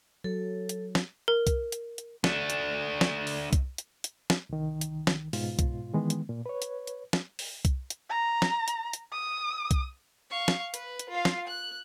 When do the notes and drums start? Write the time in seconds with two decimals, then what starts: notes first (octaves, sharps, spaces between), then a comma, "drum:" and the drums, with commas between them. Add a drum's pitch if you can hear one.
0.24 F#3 A4
0.69 drum: hi-hat
0.95 drum: snare
1.28 A#4
1.47 drum: kick C2, hi-hat
1.72 drum: hi-hat
1.98 drum: hi-hat
2.24 A3 D4, drum: snare
2.50 drum: hi-hat
3.01 drum: snare
3.27 drum: open hi-hat
3.53 drum: kick C2, hi-hat
3.78 drum: hi-hat
4.04 drum: hi-hat
4.30 drum: snare
4.49 C2 D#3
4.81 drum: hi-hat
5.07 drum: snare
5.33 G#2 B2 F4, drum: open hi-hat
5.59 drum: kick C2, hi-hat
5.93 D#3 E3 G#3 B3
6.10 drum: hi-hat
6.29 A#2
6.46 B4 C#5
6.62 drum: hi-hat
6.87 drum: hi-hat
7.13 drum: snare
7.39 drum: open hi-hat
7.65 drum: kick C2, hi-hat
7.90 drum: hi-hat
8.09 A#5
8.42 drum: snare
8.68 drum: hi-hat
8.93 drum: hi-hat
9.12 D#6
9.71 drum: kick C2, hi-hat
10.30 F5 C#6
10.48 drum: snare
10.74 B4, drum: hi-hat
10.99 drum: hi-hat
11.09 F4 F5
11.25 drum: snare
11.47 F#6